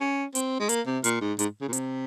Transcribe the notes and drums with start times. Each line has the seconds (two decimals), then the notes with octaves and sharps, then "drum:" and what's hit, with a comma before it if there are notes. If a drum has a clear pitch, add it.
0.01 C#4
0.35 C4, drum: hi-hat
0.60 G#3
0.69 A#3, drum: hi-hat
0.87 C3
1.04 A#2, drum: hi-hat
1.21 G#2
1.39 G#2, drum: hi-hat
1.61 C#3
1.68 A#2
1.73 C3, drum: hi-hat